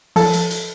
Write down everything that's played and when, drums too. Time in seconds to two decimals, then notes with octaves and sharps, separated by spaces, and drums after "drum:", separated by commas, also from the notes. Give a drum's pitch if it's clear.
0.16 F3 A4, drum: open hi-hat
0.33 drum: hi-hat
0.51 drum: hi-hat